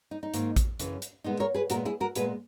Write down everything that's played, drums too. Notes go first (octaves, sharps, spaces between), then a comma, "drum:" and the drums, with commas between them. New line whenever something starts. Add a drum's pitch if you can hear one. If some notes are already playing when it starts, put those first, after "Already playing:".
D#4
D#4
G#2 D#3 A#3, drum: hi-hat
drum: kick A1, hi-hat
F#2 C#3 E3, drum: hi-hat
drum: hi-hat
A#2 G#3 B3 D#4
A#4 C#5
G#4 B4
A#2 G#3 B3 F#4 A#4, drum: hi-hat
E4 G#4
F#4 A#4
A#2 G#3 B3 G#4 B4, drum: hi-hat